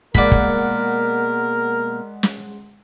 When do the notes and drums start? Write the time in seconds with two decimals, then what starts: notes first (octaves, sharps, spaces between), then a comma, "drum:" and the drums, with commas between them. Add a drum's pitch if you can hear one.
0.15 B2 G#3 A#3 A#4 D5 F#5 B5, drum: kick
0.32 drum: kick
2.23 drum: snare